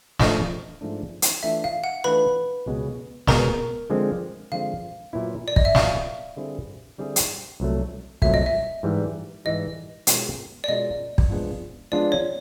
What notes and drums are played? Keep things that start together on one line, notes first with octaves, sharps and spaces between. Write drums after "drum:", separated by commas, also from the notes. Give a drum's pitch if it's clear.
G#2 F3 A3 D4 D#5, drum: snare
G#2 F3 A3 D4
drum: hi-hat
E3 A3 D4 F4 E5
F5
F#5
E3 A3 D4 F4 B4 B5
C#2 B2 G#3 B3
C#2 B2 G#3 B3 A#4 A#5, drum: snare
D3 F3 G#3 C4
D3 F3 G#3 C4 F5
A#2 F#3 B3 E4
D5
D#5, drum: kick
E5
A#2 F#3 B3 E4 F5, drum: snare
D3 G3 C4 E4 G#4
D3 G3 C4 E4 G#4
drum: hi-hat
C2 A#2 F#3 A3
C2 A#2 F#3 A3 E5, drum: kick
D#5
E5
G#2 E3 G3
G#2 E3 G3 D#5
B2 G#3 C#4 F4 A#4, drum: hi-hat
D5
B2 G#3 C#4 F4 A#4 D#5
drum: kick
F3 G#3 B3 D4 F4
F3 G#3 B3 D4 F4 D5
C#5